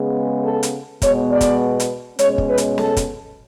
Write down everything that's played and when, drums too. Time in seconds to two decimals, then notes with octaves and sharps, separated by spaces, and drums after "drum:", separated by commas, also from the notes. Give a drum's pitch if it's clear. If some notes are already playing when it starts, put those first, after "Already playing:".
Already playing: C#3 G#3 B3
0.43 A4
0.63 drum: hi-hat
1.02 B2 G#3 B3 C#5, drum: kick, hi-hat
1.31 D5
1.41 drum: kick, hi-hat
1.80 drum: hi-hat
2.19 B2 G#3 C#4 C#5, drum: hi-hat
2.38 drum: kick
2.48 B4
2.58 drum: hi-hat
2.78 A4, drum: snare
2.97 drum: kick, hi-hat